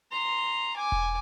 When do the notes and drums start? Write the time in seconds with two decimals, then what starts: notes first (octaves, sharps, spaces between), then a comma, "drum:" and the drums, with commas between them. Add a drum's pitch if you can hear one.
0.12 A#5 C6
0.76 G#5 D6
0.92 drum: kick E1